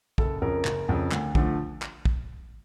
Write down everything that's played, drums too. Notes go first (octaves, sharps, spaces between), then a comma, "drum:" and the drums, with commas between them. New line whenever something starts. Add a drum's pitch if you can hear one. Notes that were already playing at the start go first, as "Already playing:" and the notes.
F#1 A4, drum: kick
F2 C#3 A#4
F#1, drum: clap
F2 C#3
D2, drum: clap
D3 F3 A3, drum: kick
drum: clap
drum: kick